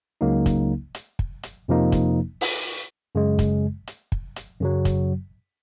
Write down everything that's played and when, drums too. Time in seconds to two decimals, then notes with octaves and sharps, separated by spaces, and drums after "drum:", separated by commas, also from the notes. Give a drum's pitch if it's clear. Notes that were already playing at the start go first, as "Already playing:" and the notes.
0.21 C#2 C#3 F#3 A#3 D#4
0.46 drum: kick, hi-hat
0.95 drum: hi-hat
1.19 drum: kick
1.43 drum: hi-hat
1.68 F2 C3 F3 A#3 D#4
1.92 drum: kick, hi-hat
2.41 drum: open hi-hat
3.15 F#2 C#3 G#3
3.39 drum: kick, hi-hat
3.87 drum: hi-hat
4.12 drum: kick
4.36 drum: hi-hat
4.60 F#2 C#3 F#3
4.85 drum: kick, hi-hat